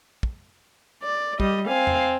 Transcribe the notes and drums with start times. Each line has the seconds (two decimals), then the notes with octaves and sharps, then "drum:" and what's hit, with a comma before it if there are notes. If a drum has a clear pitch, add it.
0.23 drum: kick
1.03 D5
1.40 G3 D#5, drum: kick
1.68 C4 F5 G#5
1.87 drum: tom E2